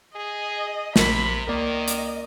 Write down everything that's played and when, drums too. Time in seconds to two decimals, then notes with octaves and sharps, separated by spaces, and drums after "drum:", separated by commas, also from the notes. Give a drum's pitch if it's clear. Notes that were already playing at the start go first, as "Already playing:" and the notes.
0.16 G#4 D#5
0.96 A#1 C3 A#4 B5, drum: snare
1.47 C#2 D#3 A#3 A#4 D5 D#5
1.88 drum: hi-hat